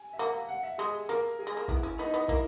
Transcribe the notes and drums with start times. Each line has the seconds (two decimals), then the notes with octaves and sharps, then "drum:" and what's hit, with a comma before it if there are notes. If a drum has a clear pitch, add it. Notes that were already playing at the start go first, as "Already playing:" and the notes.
Already playing: G#5
0.13 E5
0.18 A#3 F#5
0.48 F#5
0.63 E5
0.78 G#3 G#4
1.09 A#3 A#4
1.39 G#4
1.47 G#3
1.57 A#3
1.68 B3 E4, drum: kick
1.83 C#4
1.98 B3 D#4
2.14 B3
2.28 A#3 E4, drum: kick